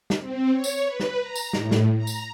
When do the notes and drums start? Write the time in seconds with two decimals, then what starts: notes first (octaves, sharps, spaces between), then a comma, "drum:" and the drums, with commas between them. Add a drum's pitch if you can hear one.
0.10 drum: snare
0.20 C4
0.52 C#5
0.64 drum: tambourine
0.85 B4
1.00 drum: snare
1.21 A#5
1.35 drum: tambourine
1.53 A2, drum: snare
1.71 drum: snare
1.97 A#5
2.07 drum: tambourine